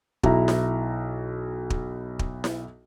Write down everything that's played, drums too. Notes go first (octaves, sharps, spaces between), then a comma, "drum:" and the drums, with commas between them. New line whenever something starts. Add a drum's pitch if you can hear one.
B1 E4 A#5, drum: kick
drum: snare E4
drum: kick
drum: kick
drum: snare E4